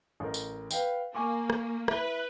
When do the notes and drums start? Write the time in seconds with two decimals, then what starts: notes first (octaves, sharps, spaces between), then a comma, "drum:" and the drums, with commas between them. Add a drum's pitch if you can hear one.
0.20 A1 A#4
0.34 drum: tambourine
0.71 B4 F5 G5, drum: tambourine
1.15 A#3 G#5 C#6 D6
1.50 drum: rim click
1.88 E4 B4 G7, drum: rim click